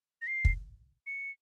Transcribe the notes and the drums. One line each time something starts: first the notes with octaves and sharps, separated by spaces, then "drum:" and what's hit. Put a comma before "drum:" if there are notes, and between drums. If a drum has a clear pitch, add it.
A#6
C7
drum: kick
C#7